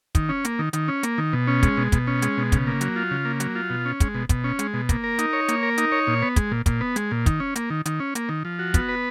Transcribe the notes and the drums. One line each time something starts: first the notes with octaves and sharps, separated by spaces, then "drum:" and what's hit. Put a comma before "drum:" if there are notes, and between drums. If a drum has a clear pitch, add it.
D#3, drum: kick, hi-hat
C#4
A#3, drum: hi-hat
D#3
D#3, drum: hi-hat
C#4
A#3, drum: hi-hat
D#3
B2
C#4
G#3, drum: kick, hi-hat
B2
B2, drum: kick, hi-hat
C#4
G#3, drum: hi-hat
B2
C#3, drum: kick, hi-hat
A#3
F#3, drum: hi-hat
F4
C#3
A#3
F#3, drum: hi-hat
F4
B2
C#4
G#3, drum: kick, hi-hat
B2
B2, drum: kick, hi-hat
C#4
G#3, drum: hi-hat
B2
A#3, drum: kick, hi-hat
A#4
D#4, drum: hi-hat
C#5
A#3, drum: hi-hat
A#4
D#4, drum: hi-hat
C#5
A#2
B3
G#3, drum: kick, hi-hat
A#2
A#2, drum: kick, hi-hat
B3
G#3, drum: hi-hat
A#2
D#3, drum: kick, hi-hat
C#4
A#3, drum: hi-hat
D#3
D#3, drum: hi-hat
C#4
A#3, drum: hi-hat
D#3
F3
F#4
B3, drum: kick, hi-hat
B4